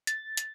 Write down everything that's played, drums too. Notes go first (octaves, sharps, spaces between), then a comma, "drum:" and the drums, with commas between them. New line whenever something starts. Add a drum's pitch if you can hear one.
A6, drum: hi-hat
drum: hi-hat